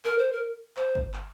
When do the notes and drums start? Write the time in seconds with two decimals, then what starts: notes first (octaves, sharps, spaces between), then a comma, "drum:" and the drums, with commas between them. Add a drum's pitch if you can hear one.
0.05 A#4, drum: clap
0.18 C5
0.32 A#4
0.76 C5, drum: clap
0.95 drum: kick
1.14 drum: clap